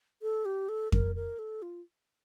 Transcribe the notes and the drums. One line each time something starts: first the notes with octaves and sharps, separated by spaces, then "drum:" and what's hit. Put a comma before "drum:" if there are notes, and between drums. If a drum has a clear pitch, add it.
A4
G4
A4
A#4, drum: kick F2
A#4
A4
F4